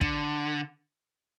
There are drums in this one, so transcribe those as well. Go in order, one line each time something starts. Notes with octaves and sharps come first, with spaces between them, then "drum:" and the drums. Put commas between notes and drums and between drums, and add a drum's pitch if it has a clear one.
D3, drum: kick